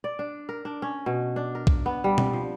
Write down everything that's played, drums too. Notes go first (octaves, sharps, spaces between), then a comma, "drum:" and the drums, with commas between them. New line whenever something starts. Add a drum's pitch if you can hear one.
D5
D4
A#4
D4
C#4
B2
D4
A#4
drum: kick B1
B3
G3
drum: tom B2
F3